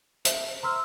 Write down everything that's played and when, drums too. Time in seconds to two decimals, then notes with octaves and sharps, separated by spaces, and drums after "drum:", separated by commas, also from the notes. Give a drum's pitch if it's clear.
0.25 C5 E5, drum: hi-hat
0.63 A#5 C6 E6 F6